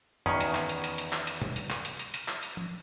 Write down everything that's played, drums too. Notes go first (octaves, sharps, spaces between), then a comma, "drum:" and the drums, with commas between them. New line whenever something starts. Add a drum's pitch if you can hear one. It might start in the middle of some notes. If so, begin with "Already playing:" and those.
E2 B2 D#3 C#4, drum: tom F2
drum: hi-hat
drum: clap
drum: hi-hat
drum: hi-hat
drum: hi-hat
drum: clap
drum: hi-hat
drum: tom B2
drum: hi-hat
drum: clap
drum: hi-hat
drum: hi-hat
drum: hi-hat
drum: clap
drum: hi-hat
drum: tom F3